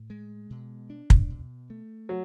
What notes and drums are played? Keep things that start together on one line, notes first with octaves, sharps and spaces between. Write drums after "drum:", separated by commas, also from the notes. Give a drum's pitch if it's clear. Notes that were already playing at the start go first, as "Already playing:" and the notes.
Already playing: A2
G#3
B2
D4
drum: kick
B2
A3
F#3